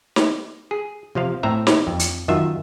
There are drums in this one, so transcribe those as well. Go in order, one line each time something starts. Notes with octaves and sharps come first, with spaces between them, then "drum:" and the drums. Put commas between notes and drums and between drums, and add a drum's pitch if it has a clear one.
drum: snare
G#4
C3 F3 C5 F5
A2 C4 E5 A#5
drum: snare
F2
drum: hi-hat
F#2 D#3 F4 E5